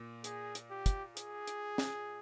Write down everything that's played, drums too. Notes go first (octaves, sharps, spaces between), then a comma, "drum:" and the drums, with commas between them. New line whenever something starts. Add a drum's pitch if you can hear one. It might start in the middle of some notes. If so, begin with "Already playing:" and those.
Already playing: A#2 A#3
G#4, drum: hi-hat
drum: hi-hat
G4
drum: kick, hi-hat
G#4, drum: hi-hat
drum: hi-hat
drum: snare